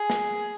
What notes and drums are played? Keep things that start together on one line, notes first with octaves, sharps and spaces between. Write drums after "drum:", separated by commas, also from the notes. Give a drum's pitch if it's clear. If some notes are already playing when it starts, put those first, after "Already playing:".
Already playing: G#4
drum: snare